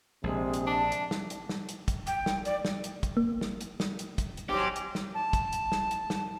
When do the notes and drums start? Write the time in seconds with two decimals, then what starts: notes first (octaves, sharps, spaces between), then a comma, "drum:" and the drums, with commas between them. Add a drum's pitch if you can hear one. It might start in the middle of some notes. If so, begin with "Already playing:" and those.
0.24 A#1 C3 G#3
0.53 drum: hi-hat
0.67 D4 A5
0.92 drum: hi-hat
1.11 drum: snare
1.30 drum: hi-hat
1.49 drum: snare
1.69 drum: hi-hat
1.88 drum: kick, hi-hat
2.07 G5, drum: hi-hat
2.26 drum: snare
2.45 D5, drum: hi-hat
2.65 drum: snare
2.84 drum: hi-hat
3.03 drum: kick, hi-hat
3.17 A#3
3.41 drum: snare
3.61 drum: hi-hat
3.80 drum: snare
3.99 drum: hi-hat
4.18 drum: kick, hi-hat
4.37 drum: hi-hat
4.50 G#2 F#3 G4 D6
4.76 drum: hi-hat
4.95 drum: snare
5.14 A5
5.33 drum: kick, hi-hat
5.53 drum: hi-hat
5.72 drum: snare
5.91 drum: hi-hat
6.10 drum: snare